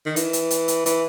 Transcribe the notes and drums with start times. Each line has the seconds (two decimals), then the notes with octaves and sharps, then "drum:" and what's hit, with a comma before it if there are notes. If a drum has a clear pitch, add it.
0.06 D#3
0.16 E3, drum: hi-hat
0.33 drum: hi-hat
0.51 drum: hi-hat
0.68 drum: hi-hat
0.86 E3, drum: hi-hat